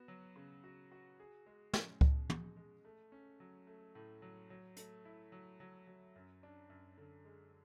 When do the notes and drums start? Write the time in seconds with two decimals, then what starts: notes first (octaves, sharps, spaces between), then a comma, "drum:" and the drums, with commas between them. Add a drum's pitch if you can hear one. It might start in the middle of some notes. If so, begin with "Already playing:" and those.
Already playing: B3 F#4
0.08 F#3
0.36 C#3
0.64 F#4
0.92 F#4
1.20 G#4
1.46 G#3
1.73 C#4, drum: snare
2.01 B2, drum: kick C#2
2.30 G#4, drum: tom
2.57 G#3
2.85 A3
3.12 C#4
3.40 F#3
3.67 A3
3.95 A2
4.22 F#3
4.50 F#3
4.77 A3, drum: hi-hat
5.05 E4
5.32 F#3
5.60 F#3
5.87 F#3
6.15 F#2
6.43 D4
6.70 F#2
6.98 D3
7.25 G#3